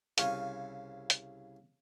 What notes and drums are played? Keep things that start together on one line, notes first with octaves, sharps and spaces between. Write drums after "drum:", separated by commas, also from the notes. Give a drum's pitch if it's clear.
C2 C#3 F5 G#5 C#6, drum: hi-hat
drum: hi-hat